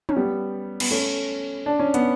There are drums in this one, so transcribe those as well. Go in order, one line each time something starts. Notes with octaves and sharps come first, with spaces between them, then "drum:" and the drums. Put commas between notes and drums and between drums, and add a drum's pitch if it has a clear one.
C#4, drum: tom
G3 B3
B3, drum: cymbal
A3 C#4
D4
C#4
B3, drum: hi-hat